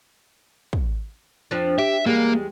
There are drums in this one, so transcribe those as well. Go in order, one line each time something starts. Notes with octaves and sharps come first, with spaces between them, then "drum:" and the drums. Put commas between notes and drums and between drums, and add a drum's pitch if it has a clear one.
drum: kick
F2 F3 D4
G4 E5
E2 G3 G#3 A#3